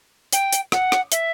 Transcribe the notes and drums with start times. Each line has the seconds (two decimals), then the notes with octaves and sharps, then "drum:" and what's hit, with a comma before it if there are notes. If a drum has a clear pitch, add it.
0.33 G5, drum: hi-hat
0.53 drum: hi-hat
0.72 F#5, drum: rim click
0.92 drum: rim click
1.12 E5, drum: hi-hat